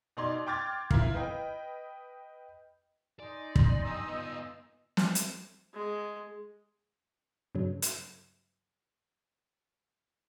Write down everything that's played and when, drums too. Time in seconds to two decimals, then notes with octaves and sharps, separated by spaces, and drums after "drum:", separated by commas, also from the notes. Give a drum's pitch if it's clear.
0.17 B2 D#4 D5 C6 G#6 F#7
0.47 G5 C6 D6 F6 G#6 A6
0.91 C4 E4 F4 A#4 F5, drum: kick
1.14 B4 D#5 G5
3.20 D#4 D5 G#5 C6
3.56 drum: kick
3.85 G2 G3 D#5 D#6 E6
4.08 B3 F4
4.97 drum: snare
5.15 drum: hi-hat
5.73 G#3
7.55 G2 C#3 F#3
7.82 drum: hi-hat